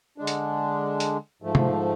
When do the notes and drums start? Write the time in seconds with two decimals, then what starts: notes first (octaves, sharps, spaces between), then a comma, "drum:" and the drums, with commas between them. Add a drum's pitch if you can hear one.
0.18 D3 G#3 D4
0.27 drum: hi-hat
1.00 drum: hi-hat
1.42 G#2 F3 A3
1.55 drum: tom